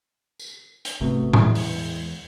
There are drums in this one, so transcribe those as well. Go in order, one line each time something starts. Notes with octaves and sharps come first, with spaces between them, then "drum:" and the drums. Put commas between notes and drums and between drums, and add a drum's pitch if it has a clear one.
drum: tambourine
drum: hi-hat
G#1 C3 A3 B3 F#4
E2 G#3 E4, drum: tom A2
drum: open hi-hat